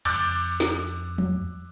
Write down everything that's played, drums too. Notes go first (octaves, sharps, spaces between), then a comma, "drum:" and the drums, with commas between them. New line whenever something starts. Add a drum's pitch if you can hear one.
F2 D6 E6 F#6 G6 A6, drum: cymbal
drum: snare
drum: tom F3